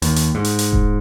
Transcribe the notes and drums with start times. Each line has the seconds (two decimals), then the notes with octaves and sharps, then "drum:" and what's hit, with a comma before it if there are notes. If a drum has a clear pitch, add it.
0.02 D#2, drum: hi-hat
0.16 drum: hi-hat
0.35 G#2
0.45 drum: hi-hat
0.59 drum: hi-hat
0.73 drum: kick D#1